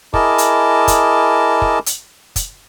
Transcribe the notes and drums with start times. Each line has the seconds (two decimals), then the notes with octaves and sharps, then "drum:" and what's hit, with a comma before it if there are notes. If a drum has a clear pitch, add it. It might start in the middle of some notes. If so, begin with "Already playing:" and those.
0.14 E4 G#4 A#4 D#5 A5 D6, drum: kick
0.38 drum: hi-hat
0.88 drum: kick, hi-hat
1.62 drum: kick
1.86 drum: hi-hat
2.36 drum: kick, hi-hat